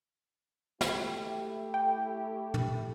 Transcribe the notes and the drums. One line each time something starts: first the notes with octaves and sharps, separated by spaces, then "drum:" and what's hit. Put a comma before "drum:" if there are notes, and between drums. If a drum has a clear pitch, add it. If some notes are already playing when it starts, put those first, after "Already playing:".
A3 E4 G4, drum: snare
G5
drum: tom